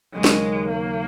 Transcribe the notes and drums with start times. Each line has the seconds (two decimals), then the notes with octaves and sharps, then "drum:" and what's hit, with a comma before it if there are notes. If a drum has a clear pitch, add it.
0.14 D#2 C#3 F#3 G#3 C#4
0.24 drum: snare
0.69 A#3